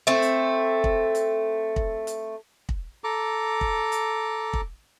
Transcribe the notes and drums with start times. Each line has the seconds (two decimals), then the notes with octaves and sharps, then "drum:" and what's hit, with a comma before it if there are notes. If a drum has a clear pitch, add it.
0.07 A3 C4
0.22 drum: hi-hat
0.84 drum: kick
1.15 drum: hi-hat
1.76 drum: kick
2.07 drum: hi-hat
2.69 drum: kick
3.04 A4 A#5 D6
3.61 drum: kick
3.92 drum: hi-hat
4.53 drum: kick